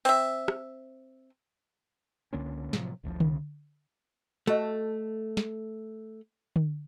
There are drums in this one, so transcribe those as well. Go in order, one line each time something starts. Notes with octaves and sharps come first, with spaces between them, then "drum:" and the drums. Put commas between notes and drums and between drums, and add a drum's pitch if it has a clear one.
C4 E5, drum: open hi-hat
drum: rim click
C#2 D3 A#3 C#4
A2 C3 F3 F#3, drum: snare
G#1 D2 D3 F3
C2 C#3, drum: tom D3
A3 F#4 A4 D#5
drum: snare
drum: tom D3